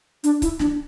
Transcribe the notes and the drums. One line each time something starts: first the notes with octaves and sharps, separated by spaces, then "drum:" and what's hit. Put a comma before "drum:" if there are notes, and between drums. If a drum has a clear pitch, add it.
D4, drum: hi-hat
E4, drum: kick C#1, hi-hat
D4, drum: snare